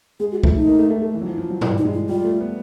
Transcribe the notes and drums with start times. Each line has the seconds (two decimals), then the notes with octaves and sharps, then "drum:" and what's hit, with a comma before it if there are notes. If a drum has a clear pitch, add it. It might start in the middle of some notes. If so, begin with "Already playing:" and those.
0.20 G#3 G#4
0.32 F#4
0.44 A3 F4, drum: kick
0.55 D#4
0.67 A#3
0.79 A3
0.90 A3
1.02 A3
1.14 E3
1.22 F#3
1.26 F3
1.38 F3
1.50 F#3
1.61 G3 E4, drum: tom
1.78 D#4
1.85 G#3
1.93 E4
2.09 G3 F4
2.24 A3
2.41 B3